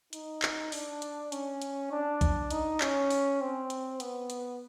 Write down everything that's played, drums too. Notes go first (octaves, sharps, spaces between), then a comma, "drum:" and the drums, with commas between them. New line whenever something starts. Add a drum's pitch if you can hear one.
D#4, drum: hi-hat
drum: clap
D4, drum: open hi-hat
drum: hi-hat
C#4, drum: hi-hat
drum: hi-hat
D4
drum: kick A#1, hi-hat
D#4, drum: hi-hat
C#4, drum: clap
drum: open hi-hat
C4
drum: hi-hat
B3, drum: hi-hat
drum: hi-hat